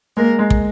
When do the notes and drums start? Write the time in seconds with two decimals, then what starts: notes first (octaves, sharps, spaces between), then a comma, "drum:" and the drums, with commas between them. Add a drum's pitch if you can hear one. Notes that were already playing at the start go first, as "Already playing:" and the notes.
0.17 G#3 A#3 A#4
0.39 G#3
0.50 drum: kick